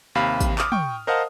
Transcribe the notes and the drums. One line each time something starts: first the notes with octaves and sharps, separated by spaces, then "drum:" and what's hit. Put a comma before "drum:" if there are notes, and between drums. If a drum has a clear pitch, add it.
D#2 C3 F5 B5
drum: kick, tambourine
D6 D#6 F6, drum: clap
G5 C#6, drum: tom
A#4 C5 D#5 F5 F#5 A5